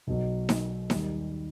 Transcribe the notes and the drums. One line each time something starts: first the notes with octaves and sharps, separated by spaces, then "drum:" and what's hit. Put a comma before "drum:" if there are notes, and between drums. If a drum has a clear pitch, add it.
B1 B2 F#3
drum: snare D#4
D#2 D#3 G3, drum: snare D#4